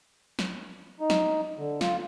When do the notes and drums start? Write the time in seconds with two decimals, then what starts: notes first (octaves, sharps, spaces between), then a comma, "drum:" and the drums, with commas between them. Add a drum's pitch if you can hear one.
0.39 drum: snare
1.00 D#4
1.10 drum: snare
1.58 D3
1.81 F4, drum: snare